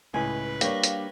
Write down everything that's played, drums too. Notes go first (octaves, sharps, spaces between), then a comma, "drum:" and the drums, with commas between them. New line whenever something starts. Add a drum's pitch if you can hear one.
C#2 A2 B4 G#5
G3 A#3 D4 C#5 F5 G5, drum: hi-hat
drum: hi-hat